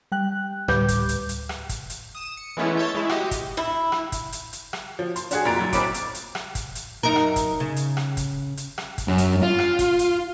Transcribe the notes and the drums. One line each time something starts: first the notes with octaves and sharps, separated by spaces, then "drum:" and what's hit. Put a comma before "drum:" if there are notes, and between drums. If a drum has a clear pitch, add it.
G3 G5 F#6
D2 A2 G3 B4 D6 G6, drum: rim click
drum: kick, hi-hat
drum: hi-hat
drum: hi-hat
drum: rim click
drum: kick, hi-hat
drum: hi-hat
D#6 E7
C#7
E3 G#3 A3 B3 C#4 E4
C#5 A5 E6 G6
G#3 E4
F#4 G4 D#5, drum: rim click
drum: kick, hi-hat
E4
drum: rim click
drum: kick, hi-hat
drum: hi-hat
drum: hi-hat
drum: rim click
F3
C6, drum: hi-hat
D4 F#4 G#4, drum: hi-hat
F1 A#2 A#5 A6 D7
F#3 E4
B1 C4 B5 D6 D7, drum: kick, hi-hat
drum: hi-hat
drum: hi-hat
drum: rim click
drum: kick, hi-hat
drum: hi-hat
F#2 D#4 A#4
drum: rim click
drum: kick, hi-hat
C#3
drum: hi-hat
drum: rim click
drum: kick, hi-hat
drum: hi-hat
drum: rim click
drum: kick, hi-hat
F#2
drum: hi-hat
F4
drum: rim click
drum: kick, hi-hat
drum: hi-hat